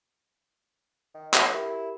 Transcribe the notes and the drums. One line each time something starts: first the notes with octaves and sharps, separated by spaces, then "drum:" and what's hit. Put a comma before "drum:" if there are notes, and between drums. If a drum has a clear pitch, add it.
D#3
F#3, drum: clap
E4 G4 A#4